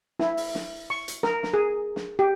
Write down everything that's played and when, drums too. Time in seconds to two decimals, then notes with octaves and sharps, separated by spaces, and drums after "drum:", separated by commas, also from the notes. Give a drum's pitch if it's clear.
0.20 E4, drum: snare
0.37 drum: open hi-hat
0.55 drum: snare
0.90 C#6
1.08 drum: hi-hat
1.23 A#4, drum: snare
1.43 drum: snare
1.54 G#4
1.96 drum: snare
2.19 G4